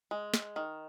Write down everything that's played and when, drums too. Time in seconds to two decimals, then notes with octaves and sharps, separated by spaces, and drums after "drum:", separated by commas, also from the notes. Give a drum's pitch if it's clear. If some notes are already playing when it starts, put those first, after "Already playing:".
0.11 G#3
0.34 drum: snare
0.56 D#3